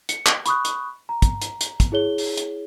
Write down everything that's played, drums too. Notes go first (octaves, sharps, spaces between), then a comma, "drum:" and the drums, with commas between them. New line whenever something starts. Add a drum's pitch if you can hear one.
C#7, drum: hi-hat
drum: clap
B5 C#6 D#6 F#6, drum: hi-hat
drum: hi-hat
A#5
drum: kick, hi-hat
drum: hi-hat
drum: hi-hat
drum: kick, hi-hat
E4 G#4 C#5 G7
drum: open hi-hat
drum: hi-hat